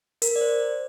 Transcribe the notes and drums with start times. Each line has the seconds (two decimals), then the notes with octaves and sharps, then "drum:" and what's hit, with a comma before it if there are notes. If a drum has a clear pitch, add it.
0.22 A#4, drum: hi-hat
0.36 D5
0.41 C5